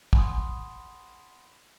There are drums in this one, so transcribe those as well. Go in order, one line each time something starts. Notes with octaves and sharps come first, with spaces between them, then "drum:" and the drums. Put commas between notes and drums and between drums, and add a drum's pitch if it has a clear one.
F#5 G#5 B5 C6 D#6, drum: kick